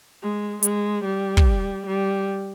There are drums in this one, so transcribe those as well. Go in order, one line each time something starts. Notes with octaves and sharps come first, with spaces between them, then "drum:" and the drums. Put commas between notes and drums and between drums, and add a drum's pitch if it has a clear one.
G#3
G#3, drum: hi-hat
G3
drum: kick
G3